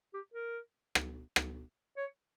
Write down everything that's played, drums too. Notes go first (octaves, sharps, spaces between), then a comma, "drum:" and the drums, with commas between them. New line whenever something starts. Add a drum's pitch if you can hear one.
G4
A#4
drum: rim click
drum: rim click
C#5